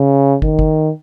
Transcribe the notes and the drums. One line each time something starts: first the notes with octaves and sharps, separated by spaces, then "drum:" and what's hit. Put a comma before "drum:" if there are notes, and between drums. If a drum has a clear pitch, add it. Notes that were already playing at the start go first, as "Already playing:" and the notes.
Already playing: C#3
D#3, drum: kick
drum: kick